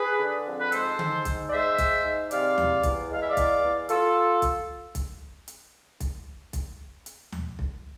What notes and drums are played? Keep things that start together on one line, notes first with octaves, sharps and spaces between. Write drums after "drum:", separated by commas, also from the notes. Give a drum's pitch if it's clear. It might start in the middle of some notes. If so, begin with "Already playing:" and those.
Already playing: G#4 B4
D3
F2
B4
G#2 A4 C5, drum: hi-hat
G#2, drum: tom D3
G#2, drum: kick B1, hi-hat
D5
G#3 C5 E5
G#3, drum: kick B1, hi-hat
G#2
C3 D5 F5, drum: hi-hat
E2, drum: tom D#2
E2, drum: kick B1, hi-hat
G#3 F5
E5
D5 F5
E2, drum: kick B1, hi-hat
E2
F4 A4, drum: hi-hat
drum: kick B1, hi-hat
drum: kick B1, hi-hat
drum: hi-hat
drum: kick B1, hi-hat
drum: kick B1, hi-hat
drum: hi-hat
drum: tom D#2
drum: kick B1